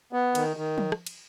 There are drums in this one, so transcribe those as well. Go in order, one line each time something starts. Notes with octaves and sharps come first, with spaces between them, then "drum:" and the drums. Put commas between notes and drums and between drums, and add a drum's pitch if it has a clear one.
B3
D#3, drum: cymbal
D#3
drum: tom F3
drum: rim click
drum: cymbal